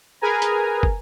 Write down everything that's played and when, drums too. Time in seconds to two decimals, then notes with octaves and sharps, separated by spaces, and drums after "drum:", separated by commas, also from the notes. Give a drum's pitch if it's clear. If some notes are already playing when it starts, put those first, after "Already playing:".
0.21 G#4 A#4 B4 G#5 A#5
0.42 drum: hi-hat
0.83 drum: kick